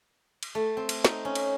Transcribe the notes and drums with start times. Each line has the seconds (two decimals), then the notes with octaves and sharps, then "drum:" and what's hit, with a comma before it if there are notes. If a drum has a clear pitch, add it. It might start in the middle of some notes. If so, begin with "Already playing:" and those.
0.43 drum: cymbal
0.55 A3
0.77 C4
0.89 drum: cymbal
1.04 D#4, drum: snare
1.25 C#4
1.35 drum: cymbal